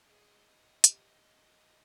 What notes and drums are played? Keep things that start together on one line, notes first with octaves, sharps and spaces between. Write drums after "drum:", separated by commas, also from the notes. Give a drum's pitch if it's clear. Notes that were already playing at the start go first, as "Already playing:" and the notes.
G#4 D#5
G4, drum: hi-hat